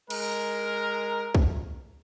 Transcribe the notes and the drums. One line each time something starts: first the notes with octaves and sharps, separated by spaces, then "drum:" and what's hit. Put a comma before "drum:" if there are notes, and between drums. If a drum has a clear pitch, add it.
G#3 A#4, drum: cymbal
drum: kick